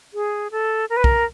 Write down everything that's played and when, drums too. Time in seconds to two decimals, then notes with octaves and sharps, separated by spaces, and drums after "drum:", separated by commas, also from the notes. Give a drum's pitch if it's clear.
0.14 G#4
0.51 A4
0.90 A#4
0.97 B4
1.04 A#4, drum: kick